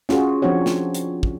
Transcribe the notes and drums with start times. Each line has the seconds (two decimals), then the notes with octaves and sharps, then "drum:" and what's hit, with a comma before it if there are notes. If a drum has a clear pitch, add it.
0.09 C#4 F4 F#4 G#4, drum: snare
0.42 F3 C4 D4 F#4 C#5
0.66 drum: snare
0.94 drum: hi-hat
1.23 drum: kick